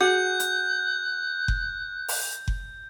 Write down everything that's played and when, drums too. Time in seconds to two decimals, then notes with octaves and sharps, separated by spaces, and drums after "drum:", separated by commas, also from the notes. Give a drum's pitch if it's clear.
0.01 F#4 G#4 F#5 F#6 G6
0.40 drum: hi-hat
1.48 drum: kick F#1
2.08 drum: open hi-hat
2.48 drum: kick F#1